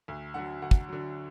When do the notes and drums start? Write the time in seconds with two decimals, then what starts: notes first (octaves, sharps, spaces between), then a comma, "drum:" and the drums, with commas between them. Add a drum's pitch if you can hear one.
0.08 D2
0.34 D3 F#3 F#5
0.62 D2 F#5
0.71 drum: kick
0.89 D3 F#3